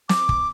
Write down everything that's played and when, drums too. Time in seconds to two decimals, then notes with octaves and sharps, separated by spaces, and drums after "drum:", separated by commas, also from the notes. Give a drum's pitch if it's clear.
0.09 D6, drum: snare
0.29 drum: kick